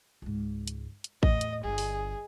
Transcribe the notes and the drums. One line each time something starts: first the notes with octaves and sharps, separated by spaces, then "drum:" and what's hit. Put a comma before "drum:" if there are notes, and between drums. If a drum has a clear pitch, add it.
C#2 G#2
drum: hi-hat
drum: hi-hat
E2 A2 D#5, drum: kick A1
drum: hi-hat
G1 F4 G#4
drum: open hi-hat